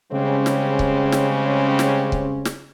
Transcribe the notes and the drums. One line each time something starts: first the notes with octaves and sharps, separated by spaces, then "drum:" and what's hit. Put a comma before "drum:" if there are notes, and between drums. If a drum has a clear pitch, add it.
C#3 G3 G#3 C4 C#4
drum: snare
drum: kick C#1
drum: snare
drum: snare
drum: kick C#1
drum: snare